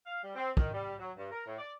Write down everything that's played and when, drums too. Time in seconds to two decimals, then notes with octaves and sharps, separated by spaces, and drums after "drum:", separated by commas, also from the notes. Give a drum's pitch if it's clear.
0.07 F5
0.24 G3
0.35 C4
0.57 D#3, drum: kick
0.73 G3
0.99 F#3
1.17 G2
1.31 A#4
1.46 A2
1.59 D5